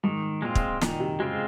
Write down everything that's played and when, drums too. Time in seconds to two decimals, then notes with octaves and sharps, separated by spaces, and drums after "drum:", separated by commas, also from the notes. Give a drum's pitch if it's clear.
0.04 G#2 D#3
0.42 A#2 G#3 C4 F4
0.55 drum: kick
0.81 A#2 D#3, drum: snare
1.00 C3
1.19 C#3 G#3 C4 F4